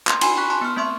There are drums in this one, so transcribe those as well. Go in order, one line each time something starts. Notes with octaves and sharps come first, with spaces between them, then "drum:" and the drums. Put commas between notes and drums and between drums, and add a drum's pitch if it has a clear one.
C6, drum: clap
D4 F#4 G5 G#5 B5 C6, drum: cymbal
G5 B5 C#6 F#6 B6
A5 C6 F#6
B3 F6
A3 C4 E5 C6 C#6